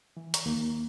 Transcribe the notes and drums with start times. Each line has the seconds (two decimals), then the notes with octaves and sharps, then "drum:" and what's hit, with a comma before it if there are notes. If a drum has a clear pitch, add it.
0.17 E3
0.34 A#5 C#6, drum: hi-hat
0.46 D#2 A#3